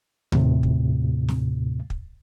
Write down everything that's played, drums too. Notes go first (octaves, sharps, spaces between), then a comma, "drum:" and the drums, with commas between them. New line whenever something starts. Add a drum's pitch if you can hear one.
D#2 A2 C3, drum: tom D3
drum: kick
drum: snare
drum: kick